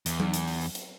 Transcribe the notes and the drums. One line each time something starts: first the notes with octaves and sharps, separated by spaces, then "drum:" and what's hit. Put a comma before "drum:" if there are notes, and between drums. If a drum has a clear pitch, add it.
E2, drum: hi-hat
drum: tom F#3
drum: hi-hat
drum: open hi-hat
drum: open hi-hat
drum: hi-hat